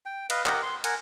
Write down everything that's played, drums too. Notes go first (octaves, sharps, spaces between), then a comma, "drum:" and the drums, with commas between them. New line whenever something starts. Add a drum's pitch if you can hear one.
G5
B4 D#5 F5, drum: cymbal
G4 A#4 D#5 F#5, drum: clap
C6
A#4 F#5 G#5, drum: cymbal